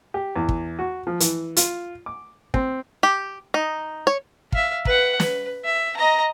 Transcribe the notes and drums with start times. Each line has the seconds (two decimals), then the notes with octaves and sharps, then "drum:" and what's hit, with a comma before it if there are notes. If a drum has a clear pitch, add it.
0.14 G4
0.36 E2
0.49 drum: kick
0.79 F#4
1.07 F3
1.20 E3, drum: hi-hat
1.57 F4, drum: hi-hat
2.06 D6
2.54 C4, drum: kick
3.03 G4
3.54 D#4
4.07 C#5
4.52 E5 F5, drum: kick
4.85 B4 F#5, drum: kick
5.20 B4, drum: snare
5.65 E5
5.97 D#5 A#5